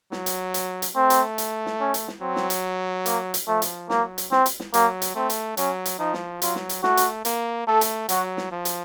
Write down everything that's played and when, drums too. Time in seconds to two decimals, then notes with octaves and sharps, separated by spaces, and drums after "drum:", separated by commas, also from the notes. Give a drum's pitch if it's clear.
0.12 F#3, drum: snare
0.26 drum: hi-hat
0.54 drum: hi-hat
0.82 drum: hi-hat
0.96 A3 C4
1.10 drum: hi-hat
1.38 drum: hi-hat
1.66 drum: snare
1.80 C#4
1.94 drum: hi-hat
2.08 drum: snare
2.22 F#3 C4
2.36 drum: snare
2.50 drum: hi-hat
3.06 A#3, drum: hi-hat
3.34 drum: hi-hat
3.47 F3 A3
3.62 drum: hi-hat
3.90 F#3 A#3, drum: snare
4.18 drum: hi-hat
4.32 C4, drum: snare
4.46 drum: hi-hat
4.60 drum: snare
4.74 F#3 A#3, drum: hi-hat
5.02 drum: hi-hat
5.15 A3 C4
5.30 drum: hi-hat
5.57 F#3 C#4, drum: hi-hat
5.85 drum: hi-hat
5.99 F3 D#4
6.13 drum: snare
6.42 F#3 F4, drum: hi-hat
6.55 drum: snare
6.69 drum: hi-hat
6.83 A3 F#4, drum: snare
6.97 drum: hi-hat
7.25 A#3, drum: hi-hat
7.67 A3 A4
7.81 drum: hi-hat
8.09 F#3 F#4, drum: hi-hat
8.37 drum: snare
8.51 F3
8.65 drum: hi-hat